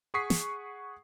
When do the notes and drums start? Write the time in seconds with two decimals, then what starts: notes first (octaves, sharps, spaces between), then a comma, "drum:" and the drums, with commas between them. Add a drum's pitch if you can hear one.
0.14 G#4 F#5 C#6 D#6 B6 C7
0.30 drum: snare